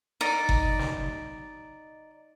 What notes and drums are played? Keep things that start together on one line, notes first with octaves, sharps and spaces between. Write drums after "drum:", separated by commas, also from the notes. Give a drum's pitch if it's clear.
D#4 D5
drum: kick F#1
drum: snare